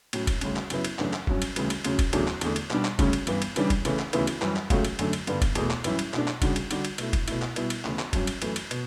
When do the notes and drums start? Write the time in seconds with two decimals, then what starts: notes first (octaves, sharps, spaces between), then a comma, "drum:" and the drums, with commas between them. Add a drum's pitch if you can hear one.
0.13 A2 F#3 C#4, drum: cymbal
0.27 drum: kick, cymbal
0.41 D2 C#3 G3 C#4, drum: cymbal
0.56 drum: clap
0.70 F#2 C#3 F#3 B3 E4, drum: cymbal
0.85 drum: cymbal
0.99 F#2 C#3 E3 A3 D4, drum: clap
1.13 drum: clap
1.27 G2 F#3 C#4, drum: kick
1.42 drum: cymbal
1.56 D2 C#3 E3 G3, drum: cymbal
1.70 drum: cymbal
1.85 D2 C#3 F#3 C#4, drum: cymbal
1.99 drum: kick, cymbal
2.13 E2 C#3 F#3 A3 D4, drum: cymbal
2.27 drum: clap
2.41 E2 D3 A3, drum: cymbal
2.56 drum: cymbal
2.70 B2 G3 D4, drum: clap
2.85 drum: clap
2.99 D2 C#3 G3 C#4, drum: kick, cymbal
3.13 drum: cymbal
3.27 G2 E3 B3, drum: cymbal
3.42 drum: cymbal
3.56 C#3 E3 G3 D4, drum: cymbal
3.70 drum: kick, cymbal
3.85 C#3 E3 A3, drum: cymbal
3.99 drum: clap
4.13 D2 C#3 E3 B3 E4, drum: cymbal
4.27 drum: cymbal
4.42 F#2 E3 G3, drum: clap
4.56 drum: clap
4.70 C#2 C#3 F#3 A3, drum: kick, cymbal
4.85 drum: cymbal
4.99 F#2 D3 A3, drum: cymbal
5.13 drum: cymbal
5.27 G2 D3 G3 B3 D4, drum: cymbal
5.42 drum: kick, cymbal
5.55 E2 B2 A3, drum: cymbal
5.70 drum: clap
5.84 F#2 E3 G3 C#4 E4, drum: cymbal
5.99 drum: cymbal
6.14 B2 A3 D4, drum: clap
6.27 drum: clap
6.42 C#3 G3 D4 F#4, drum: kick, cymbal
6.56 drum: cymbal
6.71 D3 G3 D4 F#4, drum: cymbal
6.85 drum: cymbal
6.98 B2 A3 E4, drum: cymbal
7.13 drum: kick, cymbal
7.28 B2 A3 E4, drum: cymbal
7.42 drum: clap
7.56 B2 G3 B3 E4, drum: cymbal
7.70 drum: cymbal
7.85 D2 C#3 E3 B3, drum: clap
7.99 drum: clap
8.13 G2 F#3 C#4, drum: kick, cymbal
8.27 drum: cymbal
8.42 F#2 E3 A3, drum: cymbal
8.56 drum: cymbal
8.71 B2, drum: cymbal